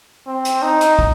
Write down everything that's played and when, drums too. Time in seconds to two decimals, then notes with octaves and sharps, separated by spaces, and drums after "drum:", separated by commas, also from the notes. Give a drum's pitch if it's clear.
0.27 C4
0.45 drum: hi-hat
0.63 D#4
0.81 drum: hi-hat
0.99 drum: kick